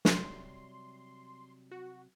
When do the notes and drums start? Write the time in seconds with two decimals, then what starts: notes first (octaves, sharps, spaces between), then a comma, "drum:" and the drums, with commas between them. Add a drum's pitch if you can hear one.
0.05 C3 F#3 G3 C6, drum: snare
1.71 F#4